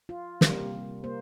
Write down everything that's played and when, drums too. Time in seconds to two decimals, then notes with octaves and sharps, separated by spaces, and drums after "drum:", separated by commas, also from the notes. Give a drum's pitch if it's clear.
0.09 F4
0.41 C3 G3 A#3, drum: snare
1.04 A#3 C5